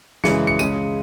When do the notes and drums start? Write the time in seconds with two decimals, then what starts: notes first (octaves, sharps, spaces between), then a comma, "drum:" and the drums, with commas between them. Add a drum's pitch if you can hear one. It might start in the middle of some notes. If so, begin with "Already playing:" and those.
0.24 F#2 C#3 E3 G#3 C#7, drum: snare
0.47 C#7
0.59 C#2 C#3 G#3 D#7, drum: tambourine